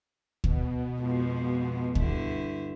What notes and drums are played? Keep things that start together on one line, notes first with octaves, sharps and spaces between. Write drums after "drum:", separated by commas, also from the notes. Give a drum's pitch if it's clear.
B2, drum: kick D2
F2 F3 G#3
G2 D3 E4, drum: kick D2